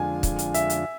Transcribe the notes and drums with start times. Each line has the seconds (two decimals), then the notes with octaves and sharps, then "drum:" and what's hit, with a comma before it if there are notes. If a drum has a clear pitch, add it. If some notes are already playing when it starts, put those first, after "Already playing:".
Already playing: F2 D3 G#3 D4 F4 G#5
0.23 drum: kick, hi-hat
0.39 drum: hi-hat
0.54 E5, drum: hi-hat
0.70 drum: hi-hat